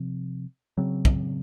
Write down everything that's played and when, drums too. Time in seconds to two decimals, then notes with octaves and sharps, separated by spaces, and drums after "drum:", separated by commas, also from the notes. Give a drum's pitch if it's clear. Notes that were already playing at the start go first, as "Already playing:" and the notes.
Already playing: C3 F3 C4
0.78 C#3 F#3 C4
1.05 drum: kick